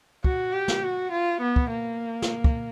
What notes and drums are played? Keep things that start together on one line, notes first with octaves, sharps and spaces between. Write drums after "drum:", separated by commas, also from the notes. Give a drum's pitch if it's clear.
F#4, drum: kick
G4
drum: snare
F#4
F4
B3
drum: kick
A#3
drum: snare
drum: kick